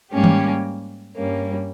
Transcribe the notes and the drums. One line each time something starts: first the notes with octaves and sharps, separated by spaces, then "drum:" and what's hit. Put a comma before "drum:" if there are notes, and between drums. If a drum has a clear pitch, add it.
G#2 G3 A#3 C#4 G4
drum: tom D#3
G2 G3 A#3 C#4